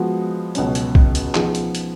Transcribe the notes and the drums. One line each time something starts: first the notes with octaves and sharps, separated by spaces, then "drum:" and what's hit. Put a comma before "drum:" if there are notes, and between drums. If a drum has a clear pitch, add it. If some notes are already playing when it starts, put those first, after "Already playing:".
Already playing: F3 G#3 B3 F#4
C#2 B2 F#3 C#4, drum: hi-hat
drum: hi-hat
drum: kick
drum: hi-hat
F3 B3 D#4 G#4, drum: clap
drum: hi-hat
drum: hi-hat